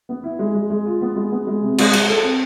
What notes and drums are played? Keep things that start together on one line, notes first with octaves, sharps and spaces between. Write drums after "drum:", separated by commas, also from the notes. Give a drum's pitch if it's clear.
B3
E4
G#3
G#3
G#3
F4
B3
G#3
B3
G#3
C3
G#3, drum: cymbal
G#3, drum: cymbal
A4
C4